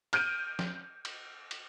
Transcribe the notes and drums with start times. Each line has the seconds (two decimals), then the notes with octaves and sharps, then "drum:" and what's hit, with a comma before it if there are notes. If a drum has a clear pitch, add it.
0.13 F6 G6 D7 D#7, drum: cymbal
0.59 drum: snare
1.05 drum: cymbal
1.51 drum: cymbal